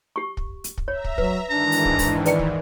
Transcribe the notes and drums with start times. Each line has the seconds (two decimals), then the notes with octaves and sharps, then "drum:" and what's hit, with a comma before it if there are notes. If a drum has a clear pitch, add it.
0.16 G4 C#6
0.37 drum: kick
0.64 drum: hi-hat
0.78 drum: kick
0.88 C#5 E5 A#5
1.04 drum: kick
1.18 F#3 B4, drum: kick
1.50 G#2 D#3 E3 D4 A#5
1.72 drum: open hi-hat
1.85 drum: kick
1.99 drum: kick, open hi-hat
2.25 B4 D5 G5, drum: hi-hat
2.39 drum: kick